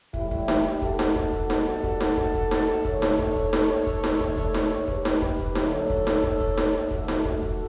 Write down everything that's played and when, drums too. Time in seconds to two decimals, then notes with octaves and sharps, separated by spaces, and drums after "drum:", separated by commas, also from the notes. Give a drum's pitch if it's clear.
0.14 A2 E3 G3 E4 G4, drum: kick
0.31 drum: kick
0.48 drum: snare D#4
0.82 F#4 A4, drum: kick
0.99 drum: snare D#4
1.16 drum: kick
1.33 drum: kick
1.50 B2 G3, drum: snare D#4
1.84 drum: kick
2.00 drum: snare D#4
2.17 drum: kick
2.34 drum: kick
2.51 drum: snare D#4
2.85 D3 A3 A4 C#5, drum: kick
3.02 drum: snare D#4
3.19 drum: kick
3.36 drum: kick
3.53 drum: snare D#4
3.87 drum: kick
4.04 drum: snare D#4
4.21 D3 A3, drum: kick
4.37 drum: kick
4.54 drum: snare D#4
4.88 G4 B4, drum: kick
5.05 drum: snare D#4
5.22 drum: kick
5.39 drum: kick
5.55 D3 F#3 A3 A4 C#5, drum: snare D#4
5.90 drum: kick
6.07 drum: snare D#4
6.24 drum: kick
6.41 drum: kick
6.57 drum: snare D#4
6.91 D3 A3 F#4 A4, drum: kick
7.08 drum: snare D#4
7.25 drum: kick
7.42 drum: kick